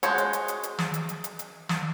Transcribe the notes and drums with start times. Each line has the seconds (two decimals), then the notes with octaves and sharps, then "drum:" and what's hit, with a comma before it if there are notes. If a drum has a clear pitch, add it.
0.03 G#3 F#4 C5 C#5, drum: hi-hat
0.18 drum: hi-hat
0.33 drum: hi-hat
0.48 drum: hi-hat
0.63 drum: hi-hat
0.78 drum: snare
0.94 drum: hi-hat
1.09 drum: hi-hat
1.24 drum: hi-hat
1.39 drum: hi-hat
1.69 drum: snare